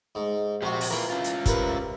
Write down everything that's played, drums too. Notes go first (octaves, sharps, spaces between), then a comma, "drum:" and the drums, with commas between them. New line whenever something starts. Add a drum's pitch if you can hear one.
G#2
A#1 F#4 G4 C5
drum: open hi-hat
E3 E4 F4 A#4 B5
C#4 F4
drum: hi-hat
C3 A#4 B4, drum: kick, hi-hat